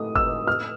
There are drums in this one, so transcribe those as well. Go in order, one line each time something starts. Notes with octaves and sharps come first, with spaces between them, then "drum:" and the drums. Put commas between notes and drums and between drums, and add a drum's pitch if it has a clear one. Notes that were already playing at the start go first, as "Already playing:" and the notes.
Already playing: A2 D#6
E6, drum: kick G1
F6